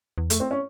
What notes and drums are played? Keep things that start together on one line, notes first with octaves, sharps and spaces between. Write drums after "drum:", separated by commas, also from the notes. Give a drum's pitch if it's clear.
E2
F2 A3, drum: hi-hat
C4
C#4